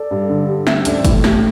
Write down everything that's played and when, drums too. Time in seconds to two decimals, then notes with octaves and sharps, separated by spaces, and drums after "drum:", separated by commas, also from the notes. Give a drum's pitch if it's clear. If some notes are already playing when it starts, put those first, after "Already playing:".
Already playing: A4 D5
0.11 G2
0.29 D3
0.48 G3
0.67 C4 C5 E5, drum: snare
0.85 A1 A4 D5, drum: hi-hat
1.05 A2 E4, drum: kick, hi-hat
1.24 A3 G4, drum: snare